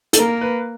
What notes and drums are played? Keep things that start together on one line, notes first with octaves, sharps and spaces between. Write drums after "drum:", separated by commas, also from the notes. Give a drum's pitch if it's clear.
A4, drum: hi-hat
A#3 A#4
B4